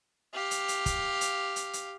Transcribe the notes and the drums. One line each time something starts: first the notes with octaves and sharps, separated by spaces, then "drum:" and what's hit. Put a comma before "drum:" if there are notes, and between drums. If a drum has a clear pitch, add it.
G4 F5
drum: hi-hat
drum: hi-hat
drum: kick, hi-hat
drum: hi-hat
drum: hi-hat
drum: hi-hat